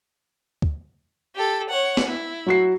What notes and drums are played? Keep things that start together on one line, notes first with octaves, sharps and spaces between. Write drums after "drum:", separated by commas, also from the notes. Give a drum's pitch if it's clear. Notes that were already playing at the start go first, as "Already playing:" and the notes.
drum: kick D2
G4 A4
C#5 F#5
drum: snare
E4
F#3 F#4 C7